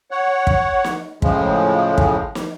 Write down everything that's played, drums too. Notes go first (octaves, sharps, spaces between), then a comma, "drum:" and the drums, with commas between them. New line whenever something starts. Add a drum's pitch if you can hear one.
C#5 F#5
drum: kick
drum: snare
A2 C#3 F3 G#3, drum: kick
drum: kick
drum: snare